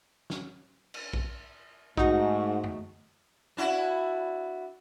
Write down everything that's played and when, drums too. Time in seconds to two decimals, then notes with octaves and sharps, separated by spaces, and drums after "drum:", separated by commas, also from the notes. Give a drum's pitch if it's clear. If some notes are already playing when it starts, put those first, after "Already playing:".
0.30 drum: snare
0.94 drum: cymbal
1.13 drum: kick A#1
1.97 G#2 A3 D#4 F#4 F#5 C#6, drum: kick A#1
2.64 drum: tom F#2
3.57 D4 E4 F#4